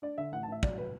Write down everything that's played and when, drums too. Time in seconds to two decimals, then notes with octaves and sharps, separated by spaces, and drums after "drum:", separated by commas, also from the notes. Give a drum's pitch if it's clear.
0.02 D4 D5
0.18 D3 E5
0.32 A1 F#5
0.43 A5
0.48 A1 E5
0.63 F#3 D5, drum: kick
0.78 B4